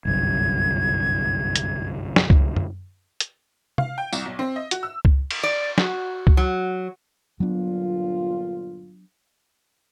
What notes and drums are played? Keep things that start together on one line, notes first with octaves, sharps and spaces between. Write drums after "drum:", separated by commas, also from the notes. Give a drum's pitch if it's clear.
G1 C2 F#2 G#6
drum: hi-hat
drum: snare
drum: kick C#2
drum: tom F#2
drum: hi-hat
F5, drum: tom
G5
C2, drum: tambourine
B1
C4
D#5
F#4, drum: hi-hat
E6
drum: kick C#2
drum: cymbal
D5
F#4, drum: snare
drum: kick C#2
F#3
G1 A#2 F#3 B3 D4 F4